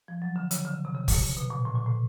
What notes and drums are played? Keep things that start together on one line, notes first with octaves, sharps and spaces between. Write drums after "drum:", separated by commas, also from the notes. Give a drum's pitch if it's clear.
F3
F#3
D3
C#3, drum: hi-hat
D3
C#3
C3
C#3
drum: kick, open hi-hat
B2
A#2
A2
A#2
A2